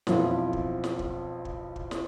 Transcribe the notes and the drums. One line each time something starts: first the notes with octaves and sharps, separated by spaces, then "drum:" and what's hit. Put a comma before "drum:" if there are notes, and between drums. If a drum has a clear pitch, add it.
B1 F2 F3 E4, drum: snare
drum: kick
drum: snare
drum: kick
drum: kick
drum: kick
drum: snare